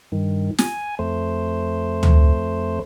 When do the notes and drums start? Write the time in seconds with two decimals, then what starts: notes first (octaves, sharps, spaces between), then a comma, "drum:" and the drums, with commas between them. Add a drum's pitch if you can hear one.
0.12 G2 D#3
0.58 G#5, drum: snare
0.99 F2 A3 C5
2.03 drum: tom D2